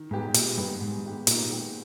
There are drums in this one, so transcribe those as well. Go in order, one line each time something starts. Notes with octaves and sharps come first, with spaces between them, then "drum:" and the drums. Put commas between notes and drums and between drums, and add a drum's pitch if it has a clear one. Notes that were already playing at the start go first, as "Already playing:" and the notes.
Already playing: D#3
G#2 G#3 B3 G4
A#2 D#3, drum: hi-hat
G2 G#3 B3 G4
G#2 D#3
G#3 B3 G4
A#2 D#3, drum: hi-hat
G#3 B3 G4